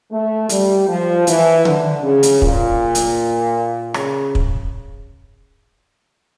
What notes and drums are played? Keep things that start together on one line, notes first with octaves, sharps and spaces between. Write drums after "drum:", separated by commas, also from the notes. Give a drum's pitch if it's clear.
A3
G3, drum: hi-hat
F3
E3, drum: hi-hat
D3, drum: tom D3
C#3
drum: hi-hat
A#2, drum: kick
drum: hi-hat
C#3, drum: rim click
drum: kick